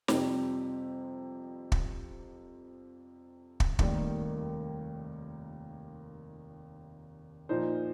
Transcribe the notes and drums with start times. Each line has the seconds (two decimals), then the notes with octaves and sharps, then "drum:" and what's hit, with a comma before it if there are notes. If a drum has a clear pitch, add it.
0.08 F2 C3 G3 C4 G4, drum: snare
1.72 drum: kick
3.60 drum: kick
3.79 F1 D#2 D#3 G3 A#3, drum: kick
7.49 A#2 F3 D#4 C5